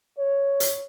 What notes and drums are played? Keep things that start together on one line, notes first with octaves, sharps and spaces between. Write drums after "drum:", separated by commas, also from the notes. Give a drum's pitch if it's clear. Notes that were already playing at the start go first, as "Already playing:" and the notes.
C#5
drum: hi-hat